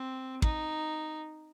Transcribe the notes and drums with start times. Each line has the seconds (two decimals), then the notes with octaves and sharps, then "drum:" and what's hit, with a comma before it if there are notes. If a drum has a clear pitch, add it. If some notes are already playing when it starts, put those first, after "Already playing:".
Already playing: C4
0.42 D#4, drum: kick